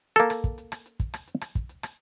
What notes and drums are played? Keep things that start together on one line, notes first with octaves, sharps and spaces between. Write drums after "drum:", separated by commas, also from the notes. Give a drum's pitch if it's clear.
A#3 A4, drum: hi-hat
drum: rim click
drum: kick, hi-hat
drum: hi-hat
drum: rim click
drum: hi-hat
drum: kick, hi-hat
drum: rim click
drum: hi-hat
drum: rim click
drum: kick, hi-hat
drum: hi-hat
drum: rim click